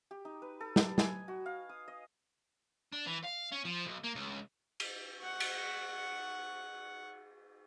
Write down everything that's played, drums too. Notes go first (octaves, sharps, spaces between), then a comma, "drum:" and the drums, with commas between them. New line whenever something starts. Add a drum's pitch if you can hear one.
G4
D#4
B4
A4
G3, drum: snare
G#5, drum: snare
F#4
F5
D#6
D#5
D4
E3
F5
C#4
F3
B1
A#3
C#2
drum: cymbal
F#5 C#6
drum: cymbal